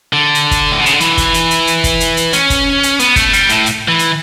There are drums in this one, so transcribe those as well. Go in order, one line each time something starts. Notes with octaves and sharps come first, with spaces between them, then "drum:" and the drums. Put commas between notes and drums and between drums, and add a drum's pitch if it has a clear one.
D3
drum: hi-hat
drum: kick, hi-hat
A2
B2
C#3, drum: hi-hat
D3
E3, drum: hi-hat
drum: kick, hi-hat
drum: hi-hat
drum: hi-hat
drum: hi-hat
drum: kick, hi-hat
drum: hi-hat
drum: hi-hat
C#4, drum: hi-hat
drum: kick, hi-hat
drum: hi-hat
B3, drum: hi-hat
A3, drum: kick, hi-hat
G3, drum: hi-hat
A2, drum: hi-hat
drum: hi-hat
E3
drum: hi-hat